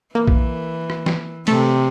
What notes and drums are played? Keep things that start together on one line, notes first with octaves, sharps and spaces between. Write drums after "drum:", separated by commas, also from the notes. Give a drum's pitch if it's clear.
E3 A#3
drum: kick A1
drum: rim click
drum: snare
C3 A3, drum: cymbal